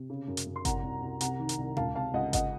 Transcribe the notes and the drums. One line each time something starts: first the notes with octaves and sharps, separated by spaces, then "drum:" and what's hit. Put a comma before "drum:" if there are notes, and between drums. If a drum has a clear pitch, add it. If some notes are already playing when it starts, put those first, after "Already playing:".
Already playing: C3
C#3
F#2
drum: hi-hat
F#2
C6
C2 F#5 A#5, drum: kick G1, hi-hat
C2
C2
C3 F#5 A#5, drum: hi-hat
D#3
drum: hi-hat
C2
C#2 F5 A5, drum: tom A#2
C3 F5 A5
C#2 D#5 F#5
C#2 D#5 F#5, drum: kick G1, hi-hat